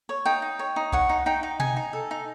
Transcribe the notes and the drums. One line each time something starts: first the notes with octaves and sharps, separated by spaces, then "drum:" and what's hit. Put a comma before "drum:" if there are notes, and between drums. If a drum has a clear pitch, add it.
C#5
D#4 G5
D#4
C#5
D#4
C#5 F#5, drum: kick B1
D#4
D#4 G5
D#4
D#4 G#5, drum: tom B2
D#4
A4
D#4